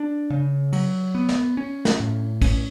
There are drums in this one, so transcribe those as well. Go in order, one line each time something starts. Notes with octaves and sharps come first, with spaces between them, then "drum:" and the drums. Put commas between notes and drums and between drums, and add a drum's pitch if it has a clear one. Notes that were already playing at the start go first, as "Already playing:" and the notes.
Already playing: D4
C#3
F#3, drum: cymbal
B3
drum: snare
C#4
drum: snare
A2
C#4, drum: kick, cymbal